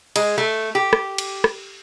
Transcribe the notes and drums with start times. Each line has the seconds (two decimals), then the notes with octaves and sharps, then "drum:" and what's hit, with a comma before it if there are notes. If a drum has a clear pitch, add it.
0.16 G#3, drum: cymbal
0.38 A3
0.75 G4
0.93 drum: rim click
1.18 drum: cymbal
1.44 drum: rim click